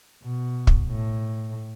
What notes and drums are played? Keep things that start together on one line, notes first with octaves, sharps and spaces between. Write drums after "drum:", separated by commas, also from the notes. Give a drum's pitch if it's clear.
B2
drum: kick
A2